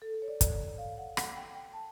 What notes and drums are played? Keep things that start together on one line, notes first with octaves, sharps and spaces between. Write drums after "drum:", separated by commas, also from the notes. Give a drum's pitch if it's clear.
A4
A4
C#5
D5
D5, drum: kick, hi-hat
F5
F#5
F#5, drum: rim click
G5
G5
A5